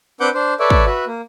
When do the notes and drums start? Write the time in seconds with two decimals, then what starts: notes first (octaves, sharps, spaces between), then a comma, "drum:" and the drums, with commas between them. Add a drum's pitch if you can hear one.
0.20 C4 D4 B4 F#5 D6 G6
0.34 D4 C5
0.60 A4 B4 C#5 D5 E5
0.70 drum: kick
0.86 F#4 B4 E5
1.07 A#3